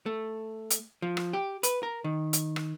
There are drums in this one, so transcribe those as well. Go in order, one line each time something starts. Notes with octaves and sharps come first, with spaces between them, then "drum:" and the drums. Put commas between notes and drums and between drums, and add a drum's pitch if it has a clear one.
A3
drum: hi-hat
F3
drum: rim click
G4
B4, drum: hi-hat
A#4
D#3
drum: hi-hat
drum: rim click